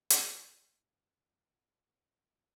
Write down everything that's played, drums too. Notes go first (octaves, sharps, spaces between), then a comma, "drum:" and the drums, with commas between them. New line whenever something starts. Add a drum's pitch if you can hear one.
drum: hi-hat
F#5